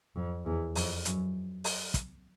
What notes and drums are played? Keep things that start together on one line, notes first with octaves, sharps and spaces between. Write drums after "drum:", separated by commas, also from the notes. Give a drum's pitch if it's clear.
F2
E2
F2, drum: open hi-hat
F#2, drum: hi-hat
drum: open hi-hat
drum: kick, hi-hat